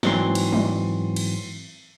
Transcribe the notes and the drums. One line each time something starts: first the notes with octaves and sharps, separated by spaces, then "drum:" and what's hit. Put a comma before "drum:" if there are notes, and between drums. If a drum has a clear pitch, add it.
G#2 E3 F#3 C4 C6, drum: snare
drum: cymbal
drum: tom F#3
drum: cymbal